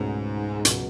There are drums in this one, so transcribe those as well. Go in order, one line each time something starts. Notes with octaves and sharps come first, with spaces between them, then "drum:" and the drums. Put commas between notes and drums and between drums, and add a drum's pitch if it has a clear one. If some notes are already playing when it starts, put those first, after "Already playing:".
Already playing: C#2 G#2 B2 A3 C#4
C#2 B2 F#3 B3 F#4, drum: hi-hat